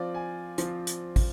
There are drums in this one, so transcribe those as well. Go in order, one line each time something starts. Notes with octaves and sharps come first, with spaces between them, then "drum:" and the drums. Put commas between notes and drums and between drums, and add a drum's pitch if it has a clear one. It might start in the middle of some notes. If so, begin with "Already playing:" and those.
Already playing: F3 C4 F4 D5
G#5
F3 C4 F4, drum: hi-hat
drum: hi-hat
drum: kick, open hi-hat